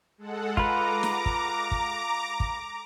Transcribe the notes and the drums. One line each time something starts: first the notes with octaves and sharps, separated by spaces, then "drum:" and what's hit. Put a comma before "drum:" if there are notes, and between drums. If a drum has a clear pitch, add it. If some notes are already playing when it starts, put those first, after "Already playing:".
G#3 A4 F#5
F4 B4 A#5 D6, drum: kick
drum: snare
drum: kick
drum: kick
drum: kick